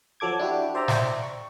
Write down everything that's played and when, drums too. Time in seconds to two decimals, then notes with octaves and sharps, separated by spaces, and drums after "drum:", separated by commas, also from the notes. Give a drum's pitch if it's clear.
0.20 F3 F#3 A4 D6 G#6
0.39 D4 E4 F#4 G4
0.75 C5 D5 E5 G5 A#5
0.88 drum: snare
1.23 C#6